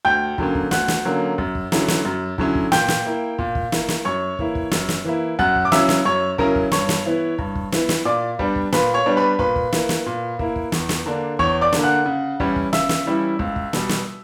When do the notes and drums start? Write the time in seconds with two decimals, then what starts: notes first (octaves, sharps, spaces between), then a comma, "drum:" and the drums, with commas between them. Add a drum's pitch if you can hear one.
0.05 D2 G5 G6
0.38 D3 F#3 A#3 C#4, drum: kick
0.55 drum: kick
0.71 D2 F#5 F#6, drum: snare
0.88 drum: snare
1.05 D3 F#3 A#3 C#4
1.38 F#2, drum: kick
1.55 drum: kick
1.72 D3 F#3 C#4 E4, drum: snare
1.88 drum: snare
2.05 F#2
2.38 D3 F#3 C#4 E4, drum: kick
2.55 drum: kick
2.72 A#2 G5 G6, drum: snare
2.88 drum: snare
3.05 A#3 E4
3.39 A#2, drum: kick
3.55 drum: kick
3.72 A#3 E4, drum: snare
3.89 drum: snare
4.05 F#2 C#5 C#6
4.39 E3 A#3 E4, drum: kick
4.55 drum: kick
4.71 F#2, drum: snare
4.89 drum: snare
5.05 E3 A#3 E4
5.39 F#2 F#5 F#6, drum: kick
5.55 drum: kick
5.65 D6
5.72 C#3 F#3 C#4 E4 E5 E6, drum: snare
5.89 drum: snare
6.05 F#2 C#5 C#6
6.38 C#3 F#3 C#4 E4 A#4 A#5, drum: kick
6.55 drum: kick
6.72 G2 C#5 C#6, drum: snare
6.89 drum: snare
7.05 E3 B3 E4
7.39 G2, drum: kick
7.55 drum: kick
7.72 E3 B3 E4, drum: snare
7.89 drum: snare
8.05 A#2 D5 D6
8.39 G3 B3 D4, drum: kick
8.56 drum: kick
8.72 A#2 B4 B5, drum: snare
8.94 C#5 C#6
9.06 G3 B3 D4
9.17 B4 B5
9.39 A#2 B4 B5, drum: kick
9.56 drum: kick
9.73 A#3 E4, drum: snare
9.89 drum: snare
10.06 A#2
10.39 A#3 E4, drum: kick
10.56 drum: kick
10.72 E2, drum: snare
10.89 drum: snare
11.06 D3 A#3 D4
11.39 E2 C#5 C#6, drum: kick
11.61 D5 D6
11.73 D3 A#3 D4, drum: snare
11.83 F#5 F#6
12.06 C#3
12.40 E3 G3 C#4 E4, drum: kick
12.56 drum: kick
12.73 C#3 E5 E6, drum: snare
12.89 drum: snare
13.06 E3 G3 C#4 E4
13.39 C#2, drum: kick
13.56 drum: kick
13.73 B2 G3, drum: snare
13.89 drum: snare